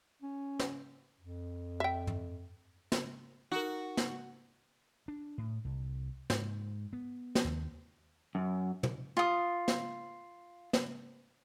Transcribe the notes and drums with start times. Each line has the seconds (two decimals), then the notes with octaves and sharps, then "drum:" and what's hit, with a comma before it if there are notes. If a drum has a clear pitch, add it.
0.22 C#4
0.59 drum: snare
1.21 F2
1.80 E5 G5
2.07 drum: tom
2.92 drum: snare
3.52 D#4 F#4 A#4
3.97 drum: snare
5.08 D4
5.38 A2
5.65 C2
6.30 G#2, drum: snare
6.93 B3
7.35 drum: snare
7.44 D#2
8.35 F#2
8.83 drum: tom
9.17 F4 D#6
9.68 drum: snare
10.73 drum: snare